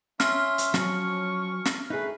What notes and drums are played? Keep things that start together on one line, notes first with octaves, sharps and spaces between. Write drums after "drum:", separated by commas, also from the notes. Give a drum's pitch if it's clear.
C#4 E5 C6 F6, drum: snare
drum: hi-hat
F3 F#3 C#4 C#6, drum: snare
drum: snare
A3 D#4 G#4 B4